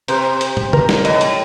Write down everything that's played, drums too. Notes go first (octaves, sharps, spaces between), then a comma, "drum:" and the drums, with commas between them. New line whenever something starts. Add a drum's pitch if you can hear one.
C3 C5, drum: hi-hat
drum: hi-hat
drum: tom
A#4, drum: tom
drum: snare
A2 D#5, drum: hi-hat
drum: hi-hat